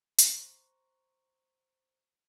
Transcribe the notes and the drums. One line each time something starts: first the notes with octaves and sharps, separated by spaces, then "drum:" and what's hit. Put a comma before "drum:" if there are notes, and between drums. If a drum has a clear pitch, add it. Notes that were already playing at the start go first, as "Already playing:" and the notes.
C5 A#5 C#6, drum: hi-hat